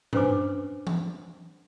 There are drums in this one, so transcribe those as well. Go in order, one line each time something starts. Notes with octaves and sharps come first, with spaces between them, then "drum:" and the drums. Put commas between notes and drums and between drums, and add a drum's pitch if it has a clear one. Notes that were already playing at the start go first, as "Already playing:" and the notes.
C#4 D4 B4 C5 G#5 D6, drum: tom G2
drum: tom E3